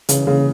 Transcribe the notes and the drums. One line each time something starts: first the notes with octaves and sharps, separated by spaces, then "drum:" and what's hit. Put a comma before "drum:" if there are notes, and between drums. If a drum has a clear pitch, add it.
C#3 E3, drum: hi-hat
C#3 A#3